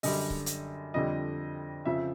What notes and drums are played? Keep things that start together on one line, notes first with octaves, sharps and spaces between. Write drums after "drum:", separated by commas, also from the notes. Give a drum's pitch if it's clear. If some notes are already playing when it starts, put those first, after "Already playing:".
F#2 D3 G3 D#5, drum: open hi-hat
drum: kick C#1
drum: hi-hat
F2 D3 G3 D#5
F2 C#3 F3 E5